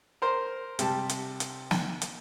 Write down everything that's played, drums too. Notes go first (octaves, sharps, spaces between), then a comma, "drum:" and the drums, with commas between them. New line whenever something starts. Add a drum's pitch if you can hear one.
A#4 C5
C3 G3 A5, drum: hi-hat
drum: hi-hat
drum: hi-hat
drum: snare
drum: hi-hat